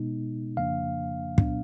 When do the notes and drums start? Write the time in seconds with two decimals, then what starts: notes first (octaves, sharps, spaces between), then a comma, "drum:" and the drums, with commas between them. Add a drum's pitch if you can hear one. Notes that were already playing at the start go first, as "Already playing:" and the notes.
Already playing: B2 G#3 B3 D#4
0.57 F2 C#3 F3 A#3 D4 F5
1.38 A#2 F#3 B3 D4, drum: kick